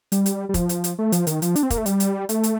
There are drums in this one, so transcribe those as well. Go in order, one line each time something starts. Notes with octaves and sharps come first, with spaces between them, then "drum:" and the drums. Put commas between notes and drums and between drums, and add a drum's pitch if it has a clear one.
G3, drum: hi-hat
drum: hi-hat
G3
F3, drum: kick, hi-hat
drum: hi-hat
drum: hi-hat
A3
F3, drum: hi-hat
D#3, drum: hi-hat
F3, drum: hi-hat
D4, drum: hi-hat
C4
A#3, drum: kick, hi-hat
A3
G3, drum: hi-hat
drum: hi-hat
A3, drum: hi-hat
drum: hi-hat